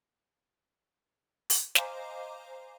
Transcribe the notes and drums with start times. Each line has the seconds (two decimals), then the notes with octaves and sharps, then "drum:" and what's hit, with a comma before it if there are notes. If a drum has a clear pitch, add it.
1.50 drum: open hi-hat
1.75 C5 D#5 F5 G#5 A#5 D6, drum: snare